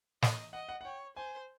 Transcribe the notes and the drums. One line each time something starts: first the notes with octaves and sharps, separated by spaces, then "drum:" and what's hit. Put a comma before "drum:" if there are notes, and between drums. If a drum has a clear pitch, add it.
D#5, drum: snare
D#5 F#5
F#5
F#5
C#5 G5
C5 G#5